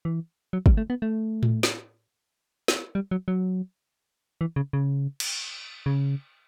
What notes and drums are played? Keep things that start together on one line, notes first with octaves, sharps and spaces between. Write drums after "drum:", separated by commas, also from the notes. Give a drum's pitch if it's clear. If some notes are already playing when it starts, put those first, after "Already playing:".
E3
F#3
G3, drum: kick
A3
B3
A3
drum: tom A2
drum: snare
drum: snare
G3
F#3
F#3
E3
C#3
C#3
drum: cymbal
C#3